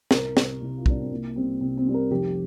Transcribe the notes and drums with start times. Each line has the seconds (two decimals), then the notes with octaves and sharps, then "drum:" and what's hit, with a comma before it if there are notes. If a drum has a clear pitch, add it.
0.11 C2 A#4, drum: snare
0.37 C3 G3, drum: snare
0.62 C2
0.77 F4
0.86 C3 G3 D4, drum: kick
1.00 C4
1.11 C2 A#3
1.36 C3 G3 C4
1.61 C2 C4
1.77 C4
1.85 C3 G3
1.94 A#4
2.11 F1 G4